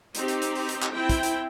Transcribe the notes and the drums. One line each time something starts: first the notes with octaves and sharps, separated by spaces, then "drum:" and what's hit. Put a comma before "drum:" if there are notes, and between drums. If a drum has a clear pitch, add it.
C4 D#4 G4, drum: hi-hat
drum: hi-hat
drum: hi-hat
drum: open hi-hat
drum: hi-hat
drum: clap
C4 E4 G5
drum: kick, hi-hat
drum: hi-hat